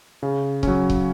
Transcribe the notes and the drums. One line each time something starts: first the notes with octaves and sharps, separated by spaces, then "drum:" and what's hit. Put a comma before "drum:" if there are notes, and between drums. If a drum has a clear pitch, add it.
C#3
F#3 C#4, drum: kick C#1
drum: kick C#1